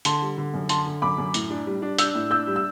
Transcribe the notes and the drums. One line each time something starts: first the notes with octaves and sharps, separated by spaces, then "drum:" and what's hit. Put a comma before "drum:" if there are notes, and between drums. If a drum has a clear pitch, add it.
D3 A5 C6, drum: hi-hat
G3
D3
F#2
D3 A5 C6, drum: hi-hat
D3
F#2 B5 D6
F#2
A2, drum: hi-hat
D4
G3
D4
D4 E6 G6, drum: hi-hat
A2
D4 E6 G6
G3
E6